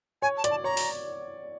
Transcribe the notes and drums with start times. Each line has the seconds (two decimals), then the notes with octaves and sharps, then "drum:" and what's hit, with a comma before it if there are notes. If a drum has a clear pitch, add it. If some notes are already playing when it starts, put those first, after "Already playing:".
0.22 C#5 G#5
0.37 A5
0.44 D5, drum: hi-hat
0.51 A5
0.64 C#5 A#5
0.77 drum: open hi-hat